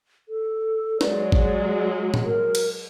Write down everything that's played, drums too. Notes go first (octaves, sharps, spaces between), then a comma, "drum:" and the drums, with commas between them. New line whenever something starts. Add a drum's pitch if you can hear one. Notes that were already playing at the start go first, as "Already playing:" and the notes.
A4
F#3 G#3 D5, drum: snare
drum: kick G#1
drum: tom A2
A#4
drum: cymbal